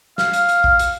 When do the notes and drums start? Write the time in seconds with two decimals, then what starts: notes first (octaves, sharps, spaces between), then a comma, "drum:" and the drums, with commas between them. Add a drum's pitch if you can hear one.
0.18 F5, drum: snare
0.33 drum: hi-hat
0.49 drum: hi-hat
0.64 drum: kick
0.79 drum: hi-hat